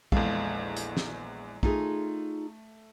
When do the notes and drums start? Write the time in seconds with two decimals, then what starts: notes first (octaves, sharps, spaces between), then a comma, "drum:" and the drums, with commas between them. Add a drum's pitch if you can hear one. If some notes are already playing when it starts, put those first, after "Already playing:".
0.12 A#1 E2 G#3 A4 F5, drum: kick
0.77 drum: hi-hat
0.97 drum: snare
1.63 A3 D#4 F4 G#4, drum: kick